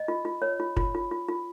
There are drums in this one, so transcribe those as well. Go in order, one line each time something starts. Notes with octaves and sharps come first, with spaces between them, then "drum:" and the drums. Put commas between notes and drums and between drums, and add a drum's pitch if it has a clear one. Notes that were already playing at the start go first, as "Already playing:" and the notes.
Already playing: D#5
F4
F4
C#5
F4
F4, drum: kick
F4
F4
F4